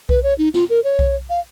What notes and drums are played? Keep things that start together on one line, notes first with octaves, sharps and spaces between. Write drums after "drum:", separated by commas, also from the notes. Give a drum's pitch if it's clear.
B4, drum: kick B1
C#5
D#4
F4, drum: snare
A#4
C#5
drum: kick B1
F5